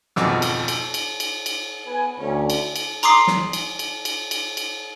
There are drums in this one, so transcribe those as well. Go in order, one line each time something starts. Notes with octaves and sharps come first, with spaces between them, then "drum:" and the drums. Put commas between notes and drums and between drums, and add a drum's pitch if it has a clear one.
G#1 F2 B2 F#4 D6 E6, drum: snare
drum: cymbal
drum: cymbal
drum: cymbal
drum: cymbal
drum: cymbal
B3 B4 G#5
D2 C#4
drum: cymbal
drum: cymbal
A#5 C6 D6 D#6 C7, drum: cymbal
drum: snare
drum: cymbal
drum: cymbal
drum: cymbal
drum: cymbal
drum: cymbal